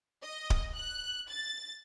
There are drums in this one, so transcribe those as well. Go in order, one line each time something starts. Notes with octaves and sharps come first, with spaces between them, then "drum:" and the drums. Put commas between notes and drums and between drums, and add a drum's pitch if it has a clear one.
D#5
drum: kick D1
F#6
A6